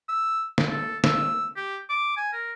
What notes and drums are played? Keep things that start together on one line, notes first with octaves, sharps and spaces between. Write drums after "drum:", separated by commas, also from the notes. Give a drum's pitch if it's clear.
E6
drum: snare
A4
E6, drum: snare
G4
D6
G#5
A#4